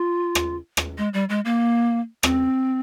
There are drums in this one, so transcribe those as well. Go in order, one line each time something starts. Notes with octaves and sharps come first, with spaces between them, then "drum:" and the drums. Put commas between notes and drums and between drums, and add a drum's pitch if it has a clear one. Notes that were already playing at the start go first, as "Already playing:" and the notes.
Already playing: F4
drum: rim click
drum: rim click
G#3
G3
G#3
A#3
C4, drum: rim click